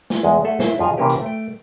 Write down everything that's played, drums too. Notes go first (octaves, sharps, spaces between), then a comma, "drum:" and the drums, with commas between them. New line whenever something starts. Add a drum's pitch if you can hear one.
drum: snare
E2 G#3
A3 G#4 A4 E5 F#5 G#5
E4 A#4 C5, drum: snare
F2 F3 G#4 G#5 A#5
C3 E3 A#3 C#4 G4 B4
drum: hi-hat
A3 G5